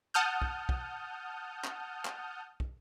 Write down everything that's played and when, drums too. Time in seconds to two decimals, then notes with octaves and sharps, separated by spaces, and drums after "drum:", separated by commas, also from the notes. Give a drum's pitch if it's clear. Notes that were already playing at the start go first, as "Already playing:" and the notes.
0.14 F#5 A5 D#6 F6 G6
0.42 drum: kick
0.69 drum: kick
1.64 drum: clap
2.05 drum: clap
2.60 drum: kick